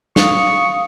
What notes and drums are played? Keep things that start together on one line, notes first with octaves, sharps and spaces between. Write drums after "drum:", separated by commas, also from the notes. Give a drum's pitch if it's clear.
F5 C#6 D#6, drum: snare